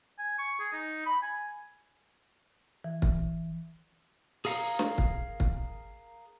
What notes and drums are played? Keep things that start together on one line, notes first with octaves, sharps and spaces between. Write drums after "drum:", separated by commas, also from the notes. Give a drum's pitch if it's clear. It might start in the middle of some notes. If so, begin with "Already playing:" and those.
G#5
C#6
G#4
D#4
B5
G#5
E3
drum: kick
G#4 A#4 F5 A#5 D#6, drum: open hi-hat
drum: snare
drum: kick
drum: kick